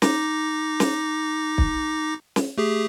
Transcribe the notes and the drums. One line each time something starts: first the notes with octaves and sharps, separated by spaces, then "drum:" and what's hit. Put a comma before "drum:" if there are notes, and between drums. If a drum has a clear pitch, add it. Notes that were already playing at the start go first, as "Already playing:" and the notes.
D#4 D6 A#6, drum: snare
drum: snare
drum: kick
drum: snare
A3 G4 G#4